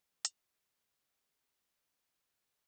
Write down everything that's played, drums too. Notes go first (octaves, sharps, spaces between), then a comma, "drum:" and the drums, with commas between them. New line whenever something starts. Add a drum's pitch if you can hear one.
C3 A3 G#4, drum: hi-hat
G3
A#4 B4